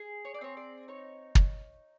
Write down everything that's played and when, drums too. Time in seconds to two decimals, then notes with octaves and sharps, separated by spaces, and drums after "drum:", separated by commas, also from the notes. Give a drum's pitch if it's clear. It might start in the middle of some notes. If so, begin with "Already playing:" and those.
Already playing: G#4
0.25 C#5
0.34 D5
0.41 C4 C#5
0.57 D5
0.88 D#4 C#5
1.35 drum: kick